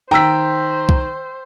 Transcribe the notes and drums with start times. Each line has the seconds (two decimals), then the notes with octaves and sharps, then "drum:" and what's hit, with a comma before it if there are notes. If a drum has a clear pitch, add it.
0.11 D#3 C5 G5 A#5 E6 B6
0.89 drum: kick